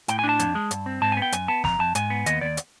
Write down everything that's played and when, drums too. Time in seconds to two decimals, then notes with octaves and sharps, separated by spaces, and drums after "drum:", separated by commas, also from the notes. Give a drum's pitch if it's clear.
0.08 A2 G5, drum: hi-hat
0.19 G#5
0.24 D4
0.29 A5
0.39 F2, drum: hi-hat
0.55 G#3
0.71 G2, drum: hi-hat
0.86 C4
1.01 G#2 A5
1.12 G#5
1.17 B3
1.22 G5
1.32 F#2 G#5, drum: hi-hat
1.48 B3 A5
1.64 F2 A#5, drum: snare
1.79 F2 A5
1.95 G#2 G#5, drum: hi-hat
2.10 B3
2.26 D#2 D#5, drum: hi-hat
2.41 D#2 D5
2.57 drum: hi-hat